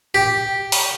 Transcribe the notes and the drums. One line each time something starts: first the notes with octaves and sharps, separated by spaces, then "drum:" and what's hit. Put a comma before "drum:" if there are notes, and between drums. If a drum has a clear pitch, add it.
G4
drum: open hi-hat